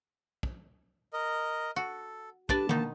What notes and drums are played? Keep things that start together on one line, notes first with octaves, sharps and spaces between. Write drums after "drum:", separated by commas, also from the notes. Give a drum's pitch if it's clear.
drum: kick
A#4 D#5
F#4 A4
D4 G4 B4 D5 A5, drum: kick
B2 D#3 A#3 D#4, drum: tom